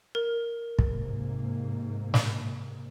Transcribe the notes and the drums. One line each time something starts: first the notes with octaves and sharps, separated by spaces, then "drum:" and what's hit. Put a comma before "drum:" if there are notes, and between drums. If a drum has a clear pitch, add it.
A#4
G#2 C3 A#3, drum: kick
drum: snare